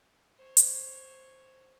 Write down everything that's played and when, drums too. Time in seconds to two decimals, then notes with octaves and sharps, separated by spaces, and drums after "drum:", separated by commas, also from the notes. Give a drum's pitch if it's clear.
0.37 C5 C#5
0.57 drum: hi-hat